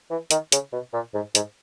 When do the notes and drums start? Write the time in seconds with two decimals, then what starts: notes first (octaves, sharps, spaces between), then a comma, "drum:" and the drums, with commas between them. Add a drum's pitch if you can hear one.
0.10 E3
0.31 D#3, drum: hi-hat
0.52 C#3, drum: hi-hat
0.72 B2
0.93 A#2
1.14 G#2
1.35 G#2, drum: hi-hat